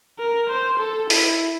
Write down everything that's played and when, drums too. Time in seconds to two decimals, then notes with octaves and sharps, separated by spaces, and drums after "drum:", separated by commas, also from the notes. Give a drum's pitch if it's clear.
0.19 A#4
0.50 C5
0.79 A4
1.10 E4, drum: open hi-hat